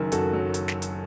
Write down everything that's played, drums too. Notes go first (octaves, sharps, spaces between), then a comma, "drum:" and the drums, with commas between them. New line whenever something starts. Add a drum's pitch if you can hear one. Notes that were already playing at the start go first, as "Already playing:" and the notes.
Already playing: F#1 F#2 D#3 F#3
F#2 F#4 A4, drum: hi-hat
F#3
drum: hi-hat
drum: snare
drum: hi-hat